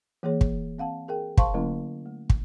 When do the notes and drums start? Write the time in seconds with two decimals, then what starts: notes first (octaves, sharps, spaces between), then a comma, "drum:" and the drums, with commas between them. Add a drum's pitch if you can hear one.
0.23 E3 A#3 G#4 C#5
0.41 drum: kick
0.78 C4 F5 F#5 A5
1.08 G#4 A#4 G5
1.37 C5 F5 A5 C6 C#6, drum: kick
1.54 D3 F#3 A3 A#3 C#4 E4
2.06 A3
2.30 drum: kick